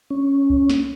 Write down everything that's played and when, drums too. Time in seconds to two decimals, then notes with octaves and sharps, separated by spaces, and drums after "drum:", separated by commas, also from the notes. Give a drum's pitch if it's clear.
0.10 C#4
0.50 drum: kick C#2
0.70 drum: snare